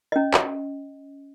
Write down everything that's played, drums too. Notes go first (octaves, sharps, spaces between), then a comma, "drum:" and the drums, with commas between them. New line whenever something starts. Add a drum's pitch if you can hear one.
C#4 D#5
drum: clap